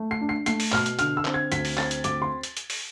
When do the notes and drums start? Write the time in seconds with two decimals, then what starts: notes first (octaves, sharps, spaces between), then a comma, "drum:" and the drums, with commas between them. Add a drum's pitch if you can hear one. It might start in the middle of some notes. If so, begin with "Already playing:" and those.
Already playing: A3
0.11 C7
0.21 D4
0.29 C7
0.46 A3 C7, drum: hi-hat
0.60 drum: open hi-hat
0.72 B2 F6, drum: clap
0.86 drum: hi-hat
0.99 D3 F6, drum: hi-hat
1.17 E6
1.25 C4, drum: clap
1.34 G#6
1.52 D2 B6, drum: hi-hat
1.65 drum: open hi-hat
1.78 C4 A6, drum: clap
1.91 drum: hi-hat
2.04 D2 D6, drum: hi-hat
2.22 C6
2.43 drum: hi-hat
2.57 drum: hi-hat
2.70 drum: open hi-hat